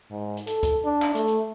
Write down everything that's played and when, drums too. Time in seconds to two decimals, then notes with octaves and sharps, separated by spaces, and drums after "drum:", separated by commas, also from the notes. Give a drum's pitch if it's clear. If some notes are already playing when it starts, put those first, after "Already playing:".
0.11 G#2
0.37 drum: hi-hat
0.47 A4, drum: hi-hat
0.63 drum: kick, hi-hat
0.85 D4
1.02 drum: clap
1.15 A3, drum: hi-hat
1.28 drum: hi-hat